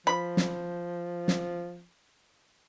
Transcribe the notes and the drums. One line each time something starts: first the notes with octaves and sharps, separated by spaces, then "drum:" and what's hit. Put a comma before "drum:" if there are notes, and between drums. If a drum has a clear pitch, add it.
F3 B5
drum: snare
drum: snare